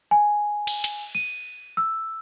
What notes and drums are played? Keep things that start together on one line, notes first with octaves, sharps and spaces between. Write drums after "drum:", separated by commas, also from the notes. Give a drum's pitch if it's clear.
G#5
drum: cymbal
drum: hi-hat
D#7
E6